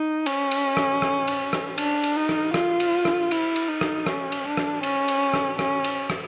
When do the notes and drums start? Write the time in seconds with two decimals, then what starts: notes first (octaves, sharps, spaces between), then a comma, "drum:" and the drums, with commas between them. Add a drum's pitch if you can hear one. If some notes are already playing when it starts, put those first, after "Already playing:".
Already playing: D#4
0.26 C#4, drum: cymbal
0.51 drum: cymbal
0.77 drum: rim click
1.02 drum: rim click
1.28 drum: cymbal
1.53 drum: rim click
1.78 D4, drum: cymbal
2.04 drum: cymbal
2.16 D#4
2.29 drum: rim click
2.54 F4, drum: rim click
2.80 drum: cymbal
3.05 drum: rim click
3.31 E4, drum: cymbal
3.56 drum: cymbal
3.68 D#4
3.81 drum: rim click
4.07 C#4, drum: rim click
4.32 drum: cymbal
4.45 D4
4.57 drum: rim click
4.83 C#4, drum: cymbal
5.08 drum: cymbal
5.34 drum: rim click
5.59 C#4, drum: rim click
5.84 drum: cymbal
6.10 drum: rim click